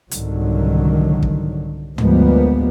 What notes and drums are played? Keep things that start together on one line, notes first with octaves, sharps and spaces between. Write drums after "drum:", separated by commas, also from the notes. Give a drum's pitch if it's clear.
C2 G#2 D3 D#3 F#3, drum: hi-hat
drum: kick
D2 F3 G3 G#3 A#3 B3, drum: tom